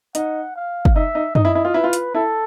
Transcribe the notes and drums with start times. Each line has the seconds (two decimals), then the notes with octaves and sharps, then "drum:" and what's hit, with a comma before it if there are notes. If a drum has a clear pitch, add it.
0.15 D#4 F#5, drum: hi-hat
0.56 F5
0.85 drum: kick
0.95 D#4 E5
1.15 D#4
1.35 D#4 D#5, drum: tom F#2
1.45 E4
1.55 E4
1.65 F4
1.74 E4 B4
1.84 F4
1.93 drum: hi-hat
2.14 E4 A4